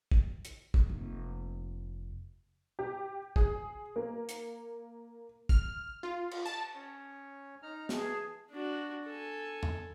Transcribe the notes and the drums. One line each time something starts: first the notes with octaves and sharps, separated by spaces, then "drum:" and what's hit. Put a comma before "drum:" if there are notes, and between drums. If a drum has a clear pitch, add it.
drum: kick
drum: hi-hat
drum: kick
F1 A#3
G4
G#4, drum: kick
A#3
drum: hi-hat
F6, drum: kick
F4
drum: cymbal
A5
C#4 C#5
D#4 A#5 F6
E3 G#4 A5, drum: snare
D4 F#4
A4 G#5
drum: tom E2